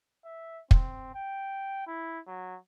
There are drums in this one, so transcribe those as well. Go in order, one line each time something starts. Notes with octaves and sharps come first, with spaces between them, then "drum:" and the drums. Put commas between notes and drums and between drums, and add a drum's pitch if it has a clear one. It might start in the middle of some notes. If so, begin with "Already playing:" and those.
E5
C4, drum: kick
G5
E4
F#3